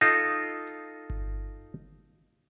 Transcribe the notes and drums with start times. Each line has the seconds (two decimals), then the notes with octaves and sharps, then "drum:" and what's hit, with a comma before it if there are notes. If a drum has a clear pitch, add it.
0.01 D#4 F4 A4 D#6 A#6
0.66 drum: hi-hat
1.10 drum: kick G1